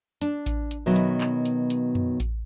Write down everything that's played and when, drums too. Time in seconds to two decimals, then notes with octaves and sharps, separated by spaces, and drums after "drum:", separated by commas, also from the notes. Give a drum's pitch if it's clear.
0.21 D4, drum: hi-hat
0.46 drum: kick A1, hi-hat
0.71 drum: hi-hat
0.86 B2 D#3 F#3 B3 B4 E5
0.96 drum: hi-hat
1.21 drum: clap
1.45 drum: hi-hat
1.70 drum: hi-hat
1.95 drum: tom F#2
2.20 drum: kick A1, hi-hat